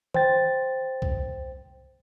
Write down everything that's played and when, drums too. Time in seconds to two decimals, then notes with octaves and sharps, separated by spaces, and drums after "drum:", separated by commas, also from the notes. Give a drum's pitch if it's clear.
0.14 C5 G5 A6, drum: tom D#3
1.02 drum: kick C2